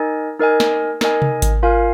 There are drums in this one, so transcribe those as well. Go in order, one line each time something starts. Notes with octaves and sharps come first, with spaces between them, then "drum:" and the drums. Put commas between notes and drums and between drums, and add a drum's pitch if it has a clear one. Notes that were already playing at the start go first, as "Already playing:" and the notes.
Already playing: D#4 A#4 D#5 G#5
D#4 A#4 D#5 G#5
drum: snare
D#4 A#4 D#5 G#5, drum: snare
drum: tom C3
drum: kick G#1, hi-hat
F4 A#4 F5 G#5